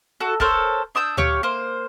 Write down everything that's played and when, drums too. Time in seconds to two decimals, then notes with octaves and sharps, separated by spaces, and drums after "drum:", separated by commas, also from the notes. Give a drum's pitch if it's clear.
0.20 F#4 A4
0.40 A4 A#4 C5 C#5, drum: kick
0.95 D4 D#6 E6 G6
1.17 G4 C#5 F5, drum: tom D2
1.43 A#3 C5